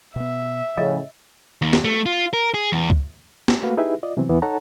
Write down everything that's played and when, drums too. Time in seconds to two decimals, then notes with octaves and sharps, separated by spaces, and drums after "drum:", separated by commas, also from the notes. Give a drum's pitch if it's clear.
0.16 B2 B3 E5
0.78 A2 C#3 F3 D#5
1.62 D#2
1.73 drum: snare
1.84 A3
2.06 F4
2.33 A#4
2.54 G#4
2.72 E2
2.90 drum: kick C#2
3.48 drum: snare
3.63 A3 A#3 F#4 B4 F5
3.77 D#4 E4 G4 G#4 B4 E5
4.03 F4 D5 D#5
4.17 C3 E3 F#3 B3 C4
4.29 D#2 E3 B3
4.42 D#4 A4 C#5 F#5 A5 A#5